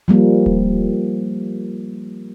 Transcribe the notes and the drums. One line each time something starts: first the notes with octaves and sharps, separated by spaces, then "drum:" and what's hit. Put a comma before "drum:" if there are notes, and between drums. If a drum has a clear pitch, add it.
F3 G3 A#3
drum: kick D1